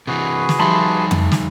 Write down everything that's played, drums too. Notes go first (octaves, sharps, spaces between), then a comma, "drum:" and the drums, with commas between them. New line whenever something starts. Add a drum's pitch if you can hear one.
C3 E3 F#4 G#4 B4
drum: snare
F3 G3 D#4 G4 E5 A5 B5 C6
drum: tom F2
drum: snare